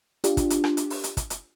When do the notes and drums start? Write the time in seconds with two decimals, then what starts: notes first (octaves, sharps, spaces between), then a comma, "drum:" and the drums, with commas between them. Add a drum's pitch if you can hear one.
0.24 D4 F4 G4, drum: hi-hat
0.37 drum: kick, hi-hat
0.50 drum: hi-hat
0.64 drum: rim click
0.77 drum: hi-hat
0.90 drum: open hi-hat
1.04 drum: hi-hat
1.17 drum: kick, hi-hat
1.30 drum: hi-hat